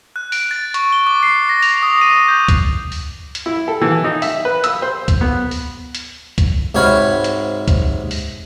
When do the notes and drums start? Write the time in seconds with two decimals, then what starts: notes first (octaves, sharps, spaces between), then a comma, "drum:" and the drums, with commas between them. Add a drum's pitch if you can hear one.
0.16 F#6
0.32 D7, drum: open hi-hat
0.51 A6
0.74 C#6, drum: hi-hat
0.93 G7
1.07 D6
1.23 C7
1.49 A#6
1.62 F7, drum: open hi-hat
1.82 D#6
2.01 D#7
2.28 G6
2.48 drum: kick C#2, hi-hat
2.92 drum: open hi-hat
3.35 drum: hi-hat
3.46 E4
3.68 A4
3.81 E3
4.04 D#4
4.22 E5, drum: open hi-hat
4.45 B4
4.64 E6, drum: hi-hat
4.82 C5
5.08 drum: kick C#2, hi-hat
5.21 B3
5.51 drum: open hi-hat
5.95 drum: hi-hat
6.38 drum: kick C#2, hi-hat
6.75 G#2 C3 F#4 C#5 F5 B5
7.24 drum: hi-hat
7.68 drum: kick C#2, hi-hat
8.11 drum: open hi-hat